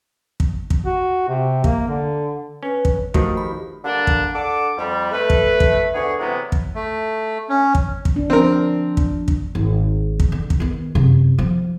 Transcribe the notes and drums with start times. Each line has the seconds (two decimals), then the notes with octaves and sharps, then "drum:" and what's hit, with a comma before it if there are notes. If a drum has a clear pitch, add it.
0.40 drum: kick
0.70 drum: kick
0.86 F#4
1.28 C3
1.64 A#3, drum: kick
1.88 D3
2.63 C#4 B4
2.85 drum: kick
3.14 D#3 F3 A3 F#4 G4, drum: kick
3.37 B5
3.84 D3 G3 A#3 D4
4.07 drum: kick
4.34 D4 A4 F#5 D6
4.77 F2 G3
5.12 A3 B4
5.30 drum: kick
5.60 drum: kick
5.94 D2 D3 B3 G#4 C#5
6.19 C3 E3 F#3 G#3 A#3 B3
6.52 drum: kick
6.75 A3
7.49 C#4
7.75 drum: kick
8.05 drum: kick
8.16 D4
8.30 F3 C4 A#4
8.97 drum: kick
9.28 drum: kick
9.55 G#1
10.20 drum: kick
10.32 D3
10.50 drum: kick
10.60 D#3 B3
10.95 F#2 C3
11.38 F3